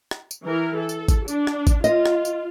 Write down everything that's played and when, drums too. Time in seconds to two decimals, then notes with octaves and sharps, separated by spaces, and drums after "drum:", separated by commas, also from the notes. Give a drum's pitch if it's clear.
0.11 drum: rim click
0.31 drum: tambourine
0.43 E3 A#4
0.76 A4
0.89 drum: tambourine
1.08 drum: kick G#1, tambourine
1.28 D4, drum: tambourine
1.47 drum: rim click
1.67 drum: kick G#1, tambourine
1.84 F4 D#5, drum: tambourine
2.06 drum: rim click
2.25 drum: tambourine